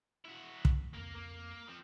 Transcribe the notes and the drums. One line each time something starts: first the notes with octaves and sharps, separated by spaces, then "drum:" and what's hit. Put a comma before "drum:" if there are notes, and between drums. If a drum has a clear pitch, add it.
E4 F#4
G2, drum: kick
F2 A#3 A#4
A#3
F3 C4